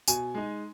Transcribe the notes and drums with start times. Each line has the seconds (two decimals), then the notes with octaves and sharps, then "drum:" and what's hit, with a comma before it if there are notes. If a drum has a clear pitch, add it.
0.08 B2 G#5, drum: tambourine
0.35 G#3 D#4